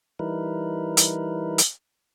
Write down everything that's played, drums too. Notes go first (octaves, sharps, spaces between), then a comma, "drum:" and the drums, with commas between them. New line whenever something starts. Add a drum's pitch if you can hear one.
E3 G3 D#4 E4 A#4 B4
drum: hi-hat
drum: hi-hat